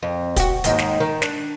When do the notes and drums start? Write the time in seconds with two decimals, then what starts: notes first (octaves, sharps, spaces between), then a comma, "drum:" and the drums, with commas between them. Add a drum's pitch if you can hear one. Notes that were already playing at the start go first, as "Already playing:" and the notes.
0.03 F2
0.36 F#4 G4, drum: kick, hi-hat
0.64 D#2 G#2 D#3, drum: hi-hat
0.78 drum: snare
1.00 D#3
1.22 D4, drum: snare